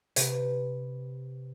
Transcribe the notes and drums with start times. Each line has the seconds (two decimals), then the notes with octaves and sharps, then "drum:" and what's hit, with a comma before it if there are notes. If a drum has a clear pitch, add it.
0.16 C3 G4 B4, drum: hi-hat